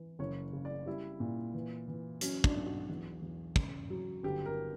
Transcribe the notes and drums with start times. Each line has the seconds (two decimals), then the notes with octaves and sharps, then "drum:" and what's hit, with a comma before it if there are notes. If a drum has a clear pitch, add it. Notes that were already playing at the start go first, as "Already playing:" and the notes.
Already playing: E3
0.19 F#1 C#5
0.53 C#3
0.65 D5
0.86 G3 E4
1.20 A#2
1.54 E3
1.88 E3
2.21 F#3 C#4, drum: hi-hat
2.44 D4, drum: kick
2.55 B1
2.66 F#4
2.89 E2
3.22 E2
3.56 C#3, drum: kick
3.90 F#3
4.23 G1 G4
4.46 A#4